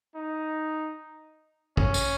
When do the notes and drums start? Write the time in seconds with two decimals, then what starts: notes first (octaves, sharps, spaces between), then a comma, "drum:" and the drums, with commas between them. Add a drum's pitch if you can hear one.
0.15 D#4
1.77 C#4, drum: kick
1.94 drum: tambourine